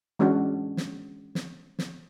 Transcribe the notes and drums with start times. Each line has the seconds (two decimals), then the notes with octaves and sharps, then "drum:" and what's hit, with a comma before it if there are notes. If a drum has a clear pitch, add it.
0.19 E3 G#3 C#4 D4 F#4
0.77 drum: snare
1.35 drum: snare
1.79 drum: snare